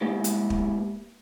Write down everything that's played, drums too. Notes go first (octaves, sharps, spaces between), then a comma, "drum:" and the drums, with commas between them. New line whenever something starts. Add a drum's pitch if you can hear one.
G3 G#3 A#3 B3 E4 G4
drum: hi-hat
drum: kick